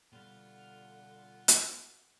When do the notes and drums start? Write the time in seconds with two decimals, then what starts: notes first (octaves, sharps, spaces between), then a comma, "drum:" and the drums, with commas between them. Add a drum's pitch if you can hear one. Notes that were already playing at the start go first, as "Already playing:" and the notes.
0.13 B2 D3 G3 F4 F#5
1.48 drum: hi-hat